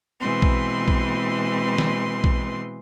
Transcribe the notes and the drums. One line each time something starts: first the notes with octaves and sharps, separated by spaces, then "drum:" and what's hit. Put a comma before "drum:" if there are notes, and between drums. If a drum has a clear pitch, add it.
B2 E3 G#3 C4 B4 C6
drum: kick A#1
drum: kick A#1
drum: snare
drum: kick A#1